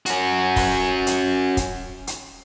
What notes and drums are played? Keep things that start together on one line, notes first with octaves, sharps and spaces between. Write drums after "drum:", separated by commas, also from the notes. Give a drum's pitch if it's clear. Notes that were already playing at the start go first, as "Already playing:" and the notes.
C#4 F#4, drum: hi-hat
drum: kick, open hi-hat
drum: hi-hat
drum: kick, hi-hat
drum: hi-hat